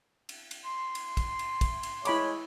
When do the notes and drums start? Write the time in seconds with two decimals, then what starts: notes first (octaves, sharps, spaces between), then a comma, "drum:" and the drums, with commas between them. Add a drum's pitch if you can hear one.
0.29 drum: cymbal
0.51 drum: cymbal
0.64 C6
0.95 drum: cymbal
1.17 drum: kick, cymbal
1.39 drum: cymbal
1.61 drum: kick, cymbal
1.83 drum: cymbal
2.05 G#3 E4 C#5 B5 D6, drum: cymbal